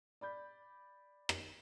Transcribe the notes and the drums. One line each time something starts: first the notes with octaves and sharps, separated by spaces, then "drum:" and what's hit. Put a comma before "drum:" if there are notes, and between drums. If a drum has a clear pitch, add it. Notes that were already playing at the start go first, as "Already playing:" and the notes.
D5 B5 G6
drum: rim click